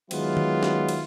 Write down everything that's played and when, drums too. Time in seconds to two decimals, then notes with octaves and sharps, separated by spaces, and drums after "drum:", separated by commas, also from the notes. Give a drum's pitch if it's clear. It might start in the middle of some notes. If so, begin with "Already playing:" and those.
0.11 D#3 F#3 G#3 B3 E4 F4, drum: cymbal
0.37 drum: tom D#3
0.63 drum: snare
0.89 drum: cymbal